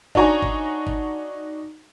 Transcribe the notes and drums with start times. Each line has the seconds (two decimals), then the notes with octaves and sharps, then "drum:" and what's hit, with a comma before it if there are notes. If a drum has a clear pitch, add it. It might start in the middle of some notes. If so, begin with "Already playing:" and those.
0.15 D4 D#4 F#4 C#5 G#5 A#5, drum: kick
0.42 drum: kick
0.87 drum: kick